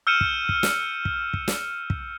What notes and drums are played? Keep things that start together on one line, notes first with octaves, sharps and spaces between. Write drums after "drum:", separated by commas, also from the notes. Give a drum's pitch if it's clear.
E6 F6 G6 C#7 D#7 E7
drum: kick
drum: kick
drum: snare
drum: kick
drum: kick
drum: snare
drum: kick